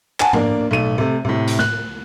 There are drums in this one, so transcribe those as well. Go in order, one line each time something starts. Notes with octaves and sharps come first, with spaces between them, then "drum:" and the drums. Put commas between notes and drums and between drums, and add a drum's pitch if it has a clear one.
F#5 G#5 A5, drum: clap
A#3 D4, drum: tom
B1 A3 D#7
C3 A3
A2 C3
drum: hi-hat
F#6, drum: snare